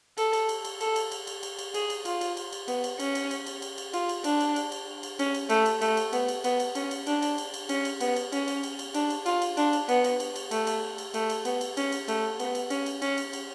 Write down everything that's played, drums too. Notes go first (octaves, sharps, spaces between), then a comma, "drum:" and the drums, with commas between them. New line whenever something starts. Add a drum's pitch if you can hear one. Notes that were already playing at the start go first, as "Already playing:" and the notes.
A4, drum: cymbal
drum: cymbal
drum: cymbal
drum: cymbal
A4, drum: cymbal
drum: cymbal
drum: cymbal
drum: cymbal
drum: cymbal
drum: cymbal
G#4, drum: cymbal
drum: cymbal
F4, drum: cymbal
drum: cymbal
drum: cymbal
drum: cymbal
B3, drum: cymbal
drum: cymbal
C#4, drum: cymbal
drum: cymbal
drum: cymbal
drum: cymbal
drum: cymbal
drum: cymbal
F4, drum: cymbal
drum: cymbal
D4, drum: cymbal
drum: cymbal
drum: cymbal
drum: cymbal
drum: cymbal
C#4, drum: cymbal
drum: cymbal
A3, drum: cymbal
drum: cymbal
A3, drum: cymbal
drum: cymbal
B3, drum: cymbal
drum: cymbal
B3, drum: cymbal
drum: cymbal
C#4, drum: cymbal
drum: cymbal
D4, drum: cymbal
drum: cymbal
drum: cymbal
drum: cymbal
C#4, drum: cymbal
drum: cymbal
B3, drum: cymbal
drum: cymbal
C#4, drum: cymbal
drum: cymbal
drum: cymbal
drum: cymbal
D4, drum: cymbal
drum: cymbal
F4, drum: cymbal
drum: cymbal
D4, drum: cymbal
drum: cymbal
B3, drum: cymbal
drum: cymbal
drum: cymbal
drum: cymbal
A3, drum: cymbal
drum: cymbal
drum: cymbal
A3, drum: cymbal
drum: cymbal
B3, drum: cymbal
drum: cymbal
C#4, drum: cymbal
drum: cymbal
A3, drum: cymbal
B3, drum: cymbal
drum: cymbal
C#4, drum: cymbal
drum: cymbal
C#4, drum: cymbal
drum: cymbal
drum: cymbal